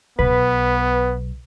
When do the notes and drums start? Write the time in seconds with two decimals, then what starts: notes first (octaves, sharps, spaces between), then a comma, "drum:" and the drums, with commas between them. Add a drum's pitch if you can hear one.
0.19 B1 B3 B4, drum: kick C2